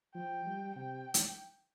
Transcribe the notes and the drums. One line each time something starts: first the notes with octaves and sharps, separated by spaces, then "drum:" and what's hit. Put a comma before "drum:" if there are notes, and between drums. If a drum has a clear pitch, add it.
F3 G5
G3
C3 G5
drum: hi-hat